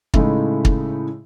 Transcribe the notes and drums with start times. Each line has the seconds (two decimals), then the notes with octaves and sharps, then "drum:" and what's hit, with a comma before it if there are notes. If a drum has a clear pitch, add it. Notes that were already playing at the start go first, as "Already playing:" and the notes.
0.14 A2 C#3 G#3 A3 D#4 E4, drum: kick
0.65 drum: kick